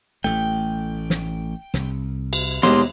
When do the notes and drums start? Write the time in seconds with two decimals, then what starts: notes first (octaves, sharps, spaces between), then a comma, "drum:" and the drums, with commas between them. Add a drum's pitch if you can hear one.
0.24 A1 A3 G5
1.10 drum: snare
1.74 C2, drum: snare
2.33 drum: cymbal
2.63 D#2 B2 G#3 C6, drum: snare